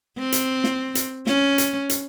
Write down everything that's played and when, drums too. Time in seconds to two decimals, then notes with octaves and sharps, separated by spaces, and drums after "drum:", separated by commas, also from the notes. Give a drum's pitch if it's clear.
0.18 C4
0.32 drum: hi-hat
0.64 drum: snare
0.95 drum: hi-hat
1.27 C#4, drum: snare
1.58 drum: hi-hat
1.89 drum: hi-hat